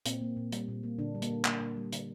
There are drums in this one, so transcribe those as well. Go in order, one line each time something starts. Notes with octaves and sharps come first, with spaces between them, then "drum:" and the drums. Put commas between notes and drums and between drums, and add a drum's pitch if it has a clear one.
A#2 C4, drum: hi-hat
A#3
A#2
G3, drum: hi-hat
A#2
A#3
A#2 D3 D4
G3
A#3, drum: hi-hat
A#2
A#3, drum: clap
A#2
G3
D3, drum: hi-hat